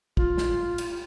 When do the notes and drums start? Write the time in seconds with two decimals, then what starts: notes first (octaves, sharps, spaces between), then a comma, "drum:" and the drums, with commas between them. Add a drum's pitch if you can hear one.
0.17 F4, drum: kick
0.37 drum: snare
0.78 drum: cymbal